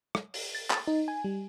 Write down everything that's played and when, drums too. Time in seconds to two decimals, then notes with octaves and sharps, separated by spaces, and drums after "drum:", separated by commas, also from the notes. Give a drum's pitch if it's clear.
0.15 drum: rim click
0.34 drum: open hi-hat
0.55 A6
0.71 drum: clap
0.87 D#4
1.08 G#5
1.24 G3